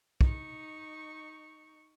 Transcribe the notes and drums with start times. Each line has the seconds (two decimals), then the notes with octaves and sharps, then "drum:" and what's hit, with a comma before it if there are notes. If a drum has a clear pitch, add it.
0.21 D#4 C#6, drum: kick